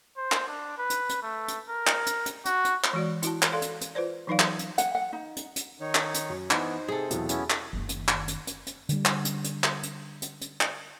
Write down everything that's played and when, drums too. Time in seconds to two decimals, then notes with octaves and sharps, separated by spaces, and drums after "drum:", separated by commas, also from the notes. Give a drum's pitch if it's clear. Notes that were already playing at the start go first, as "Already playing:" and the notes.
0.17 C5
0.32 drum: clap
0.48 D4
0.78 B4
0.90 drum: hi-hat
1.09 drum: hi-hat
1.23 A3
1.48 drum: hi-hat
1.69 A#4
1.87 drum: clap
2.06 drum: hi-hat
2.26 drum: hi-hat
2.45 F#4, drum: hi-hat
2.65 drum: hi-hat
2.84 drum: clap
2.93 E3 G#3 F#4 D5
3.22 E4 F#4 A5, drum: hi-hat
3.42 drum: clap
3.52 A4 D5 F5 C6
3.62 drum: hi-hat
3.81 drum: hi-hat
3.95 F4 B4 C5 D5
4.27 E3 F#3 D#4 B4 D5 F5
4.39 drum: clap
4.59 drum: hi-hat
4.78 F#5, drum: hi-hat
4.95 F#5
5.13 D#4
5.36 drum: hi-hat
5.56 drum: hi-hat
5.81 D#3 D#4 C#5
5.95 drum: clap
6.14 drum: hi-hat
6.30 F#2
6.51 E3 B3 D#4 C5, drum: clap
6.88 C3 G#4 A4
7.11 B1 E2, drum: hi-hat
7.29 B3 C#4 E4, drum: hi-hat
7.50 drum: clap
7.73 F#1 D#3
7.89 drum: hi-hat
8.08 drum: clap
8.28 drum: hi-hat
8.47 drum: hi-hat
8.67 drum: hi-hat
8.89 D3 G3, drum: hi-hat
9.05 drum: clap
9.25 drum: hi-hat
9.44 drum: hi-hat
9.64 drum: clap
9.83 drum: hi-hat
10.22 drum: hi-hat
10.41 drum: hi-hat
10.61 drum: clap